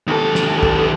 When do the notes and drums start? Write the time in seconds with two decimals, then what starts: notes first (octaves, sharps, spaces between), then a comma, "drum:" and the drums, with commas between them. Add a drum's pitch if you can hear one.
0.07 D#2 A4
0.35 drum: snare
0.63 drum: kick